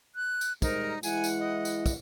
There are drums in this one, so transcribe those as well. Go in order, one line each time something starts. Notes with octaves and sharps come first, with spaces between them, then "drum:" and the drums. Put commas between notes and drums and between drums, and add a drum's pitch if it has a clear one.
F#6
drum: tambourine
G3 G#3 D#4 A#4 C5, drum: kick, tambourine
E3 G#3 E4 F#5 G#5, drum: tambourine
drum: tambourine
D#5
drum: tambourine
drum: kick, tambourine